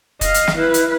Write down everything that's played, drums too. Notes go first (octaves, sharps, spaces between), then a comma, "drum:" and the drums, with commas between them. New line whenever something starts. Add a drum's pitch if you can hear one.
D#5 F5, drum: kick, hi-hat
drum: hi-hat
drum: snare
E4 B4
drum: hi-hat